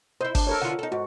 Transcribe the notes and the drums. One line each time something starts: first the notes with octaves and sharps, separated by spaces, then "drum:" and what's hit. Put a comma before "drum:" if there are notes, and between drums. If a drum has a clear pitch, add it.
D#4 E4 C5
D4, drum: kick G1, open hi-hat
A4 A#4 C#5
D3 F3 F4 F#5
D#4 A4
G#2 F#4